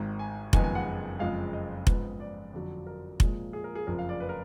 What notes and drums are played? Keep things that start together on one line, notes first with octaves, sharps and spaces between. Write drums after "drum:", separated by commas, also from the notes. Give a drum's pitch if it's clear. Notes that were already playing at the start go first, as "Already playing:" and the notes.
Already playing: G#1 G#2 D#3 A#5
G#5
F#1 F2 D#3 G#3 B3 G#5, drum: kick F1
G#5
F#5
F#1 F2 F3 G#3 F5
D#5
G#2 F3 B3, drum: kick F1
D5
F2 D3 F#3
A#4
A#2 F3 G#3, drum: kick F1
G#4
A#4
G#4
F#1 F2 F3 A#4
F5
D5
B4
A#4